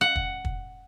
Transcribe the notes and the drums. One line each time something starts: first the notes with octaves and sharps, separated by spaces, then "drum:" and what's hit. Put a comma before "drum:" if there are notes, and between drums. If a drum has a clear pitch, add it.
F#5
drum: kick
drum: kick